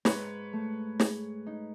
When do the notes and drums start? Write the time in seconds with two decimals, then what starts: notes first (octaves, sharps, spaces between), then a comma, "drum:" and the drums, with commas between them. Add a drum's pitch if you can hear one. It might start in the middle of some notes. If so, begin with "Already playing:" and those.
0.05 G#2 B4 C#5, drum: snare
0.53 A3
1.00 G#4, drum: snare
1.47 D#4